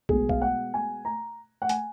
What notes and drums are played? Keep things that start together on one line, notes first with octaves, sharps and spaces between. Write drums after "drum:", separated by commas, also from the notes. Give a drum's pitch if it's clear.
B2 G#3 B3 G#4, drum: kick
F5, drum: kick
F#5
G#5
A#5
F#5
G#5, drum: hi-hat